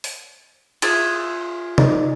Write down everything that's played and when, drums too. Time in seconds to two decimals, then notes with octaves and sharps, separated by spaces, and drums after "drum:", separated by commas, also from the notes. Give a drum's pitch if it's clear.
0.04 drum: open hi-hat
0.82 F4 G#4 E5, drum: cymbal
1.78 D#4 D5, drum: tom C3